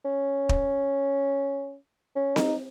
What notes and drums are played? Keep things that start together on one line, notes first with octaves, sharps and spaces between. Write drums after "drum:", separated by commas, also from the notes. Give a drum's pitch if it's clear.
C#4
drum: kick
C#4
D#4, drum: snare C4